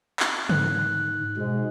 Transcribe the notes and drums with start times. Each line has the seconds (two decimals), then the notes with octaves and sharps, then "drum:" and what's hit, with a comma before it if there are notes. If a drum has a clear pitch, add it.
0.20 drum: clap
0.49 G#2 F#6, drum: tom C#3
1.37 G#2 B2 G#3